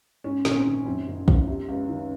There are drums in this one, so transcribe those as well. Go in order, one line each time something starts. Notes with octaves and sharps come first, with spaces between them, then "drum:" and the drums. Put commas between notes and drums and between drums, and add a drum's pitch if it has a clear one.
G#2 C#4
A#1 C#4, drum: snare
C4
D#3
F#2 C4
F#1
F3, drum: kick
C3
C#2
D#3